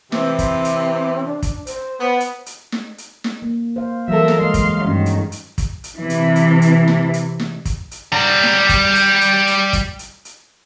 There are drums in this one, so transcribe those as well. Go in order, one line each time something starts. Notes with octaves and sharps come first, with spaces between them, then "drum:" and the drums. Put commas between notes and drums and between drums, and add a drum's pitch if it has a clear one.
C3 E3 C4, drum: snare
drum: kick, hi-hat
drum: hi-hat
D4
drum: kick, hi-hat
C5, drum: hi-hat
B3
drum: hi-hat
drum: hi-hat
drum: snare
drum: hi-hat
drum: snare
A#3
C5 F5
E3 F#3 G3 A4 A#4 E5
drum: snare
G#3 D#5 F5 C6
drum: kick, hi-hat
G2 D#3 C#4 F#4
drum: hi-hat
drum: hi-hat
drum: kick, hi-hat
drum: hi-hat
C3 E3
drum: hi-hat
drum: hi-hat
drum: hi-hat
drum: snare
drum: hi-hat
drum: snare
drum: kick, hi-hat
drum: hi-hat
G3 A#5
drum: snare
drum: kick, hi-hat
drum: hi-hat
drum: hi-hat
drum: hi-hat
drum: kick, hi-hat
drum: hi-hat
drum: hi-hat